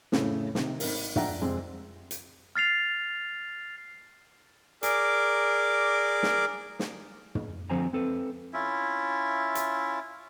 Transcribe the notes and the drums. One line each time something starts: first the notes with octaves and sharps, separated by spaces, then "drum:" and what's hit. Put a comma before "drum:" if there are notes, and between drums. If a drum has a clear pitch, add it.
F2 A2 C#3 A3, drum: snare
C3 D#3, drum: snare
G#1 A#4, drum: open hi-hat
F3 D4 E5 F#5 G5 A#5, drum: tom
F2 C3 G#3 C4
drum: hi-hat
F6 A6 C7 F7
G#4 A#4 D5 D6, drum: hi-hat
drum: snare
drum: snare
drum: tom
D3 F3 C4 C5 G#5 A#5
C4 A4 B4
C#4 E4 F4 E5
drum: hi-hat